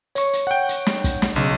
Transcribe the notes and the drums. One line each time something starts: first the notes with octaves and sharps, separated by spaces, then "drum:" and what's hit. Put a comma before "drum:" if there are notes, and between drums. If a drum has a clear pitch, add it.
C#5 C#6, drum: hi-hat
drum: hi-hat
F#5 G5
drum: hi-hat
drum: snare
drum: kick, hi-hat
drum: snare
B1 C#3